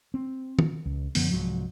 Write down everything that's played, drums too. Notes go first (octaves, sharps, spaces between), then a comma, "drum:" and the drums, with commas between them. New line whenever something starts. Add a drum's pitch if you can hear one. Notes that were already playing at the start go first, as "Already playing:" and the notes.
C4
drum: tom
C#2
F#2 D3 F3 B3, drum: open hi-hat
C2 G#2 F3 F#3